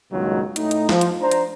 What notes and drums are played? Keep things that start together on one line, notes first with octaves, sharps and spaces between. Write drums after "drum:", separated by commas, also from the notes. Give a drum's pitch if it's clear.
C#2 G2 A#2 D#3 F#3 G#3
A2 D#4, drum: hi-hat
drum: hi-hat
F3, drum: snare
drum: hi-hat
D4 C5 A#5
drum: hi-hat